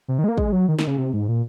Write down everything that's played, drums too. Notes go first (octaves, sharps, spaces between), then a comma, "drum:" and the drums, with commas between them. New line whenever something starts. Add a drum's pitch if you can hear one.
C3
D#3
G#3
A#3
G#3, drum: kick
F#3
D#3
D#3, drum: snare
C#3
C3
G#2
A#2